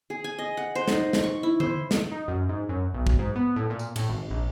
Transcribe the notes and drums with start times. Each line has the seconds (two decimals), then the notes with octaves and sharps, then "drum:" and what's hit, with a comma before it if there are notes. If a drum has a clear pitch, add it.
0.10 G#4
0.24 G#5
0.39 D#5
0.57 F#5
0.75 C5
0.88 D#4, drum: snare
1.13 drum: snare
1.23 C#6
1.43 E4
1.60 C5, drum: tom D3
1.91 drum: snare
2.12 D#4
2.28 F#2
2.49 G#2
2.69 F#2
2.94 B1
3.07 drum: kick
3.19 G#2
3.36 B3
3.56 A2
3.70 A#2
3.79 drum: tambourine
3.96 A2, drum: cymbal
4.09 G#1
4.30 A#1